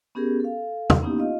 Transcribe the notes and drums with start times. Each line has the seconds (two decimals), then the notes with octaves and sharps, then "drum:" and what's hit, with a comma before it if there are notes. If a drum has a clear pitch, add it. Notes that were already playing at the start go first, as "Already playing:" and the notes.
0.15 B3 C#4 G4 G#4 A#4
0.40 A4 F5
0.90 drum: tom
1.02 A#3 B3 C#4 D#4 E4 G4
1.18 F4 D#5 F5